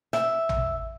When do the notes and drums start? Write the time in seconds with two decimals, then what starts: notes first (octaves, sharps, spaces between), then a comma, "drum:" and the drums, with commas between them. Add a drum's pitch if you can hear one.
0.13 E5, drum: rim click
0.49 drum: tom